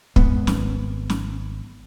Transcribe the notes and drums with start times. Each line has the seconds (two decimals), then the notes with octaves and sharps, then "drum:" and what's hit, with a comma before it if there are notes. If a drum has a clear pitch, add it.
0.16 G#1 G#3 B3, drum: kick
0.47 drum: snare
1.10 drum: snare